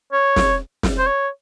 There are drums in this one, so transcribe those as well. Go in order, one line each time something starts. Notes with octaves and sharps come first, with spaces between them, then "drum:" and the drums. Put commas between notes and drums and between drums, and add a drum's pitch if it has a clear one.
C#5
drum: snare
drum: snare
C5
C#5